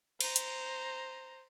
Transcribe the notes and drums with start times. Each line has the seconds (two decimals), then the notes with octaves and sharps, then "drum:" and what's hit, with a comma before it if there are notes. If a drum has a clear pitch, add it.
0.21 C5 A#5, drum: cymbal
0.36 drum: hi-hat